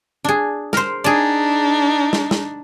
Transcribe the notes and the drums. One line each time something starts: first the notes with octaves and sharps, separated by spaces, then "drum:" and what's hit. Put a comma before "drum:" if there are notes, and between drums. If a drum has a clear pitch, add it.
D4 G#4
A#4 C5, drum: snare
D4 D#4 G#4 D5
drum: snare
drum: snare